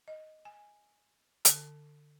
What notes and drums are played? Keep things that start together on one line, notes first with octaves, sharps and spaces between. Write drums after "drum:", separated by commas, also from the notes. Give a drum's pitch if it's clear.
D#5
G#5
D3, drum: hi-hat